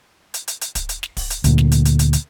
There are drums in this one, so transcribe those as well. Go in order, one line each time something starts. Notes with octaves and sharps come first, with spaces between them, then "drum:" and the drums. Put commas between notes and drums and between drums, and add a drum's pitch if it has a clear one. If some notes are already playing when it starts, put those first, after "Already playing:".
drum: hi-hat
drum: hi-hat
drum: hi-hat
drum: kick, hi-hat
drum: hi-hat
drum: snare
drum: kick, open hi-hat
drum: hi-hat
D2 A#2, drum: hi-hat
drum: snare
drum: hi-hat
drum: hi-hat
drum: hi-hat
drum: hi-hat